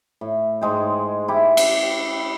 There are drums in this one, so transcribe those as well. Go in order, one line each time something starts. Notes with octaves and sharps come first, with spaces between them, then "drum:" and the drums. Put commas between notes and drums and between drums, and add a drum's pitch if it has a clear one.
A2
G#2 G#3 G5
E4 G4
drum: cymbal